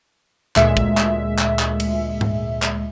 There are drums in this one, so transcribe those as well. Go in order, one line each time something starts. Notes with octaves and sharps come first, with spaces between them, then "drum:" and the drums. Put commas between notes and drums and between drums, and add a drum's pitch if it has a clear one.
D2 A#2 G#3 E5, drum: clap
drum: kick
drum: clap
drum: clap
drum: clap
drum: cymbal
drum: tom G#2
drum: clap